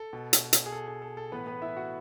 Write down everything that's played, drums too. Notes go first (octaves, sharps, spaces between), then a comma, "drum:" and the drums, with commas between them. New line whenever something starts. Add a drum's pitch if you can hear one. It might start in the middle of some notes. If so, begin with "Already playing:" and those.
Already playing: A4
B2
drum: hi-hat
drum: hi-hat
G#4
A4
G#4
A4
A4
A2 E3 B3 B4
B3 B4
E4 E5
F#4 F#5